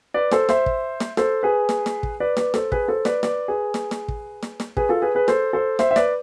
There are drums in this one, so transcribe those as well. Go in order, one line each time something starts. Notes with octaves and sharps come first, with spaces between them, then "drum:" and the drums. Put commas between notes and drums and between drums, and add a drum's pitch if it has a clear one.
B4 D5
A4 C5, drum: snare
C5 E5, drum: snare
drum: kick
drum: snare
A4 C5, drum: snare
G#4 B4
drum: snare
drum: snare
drum: kick
B4 D5
B4 D5, drum: snare
A4 C5, drum: snare
G#4 B4, drum: kick
A4 C5
B4 D5, drum: snare
B4 D5, drum: snare
G#4 B4
drum: snare
drum: snare
drum: kick
drum: snare
drum: snare
G#4 B4, drum: kick
F4 A4
G#4 B4
G#4 B4
A4 C5, drum: snare
A4 C5
C5 E5, drum: snare
E5
B4 D5, drum: snare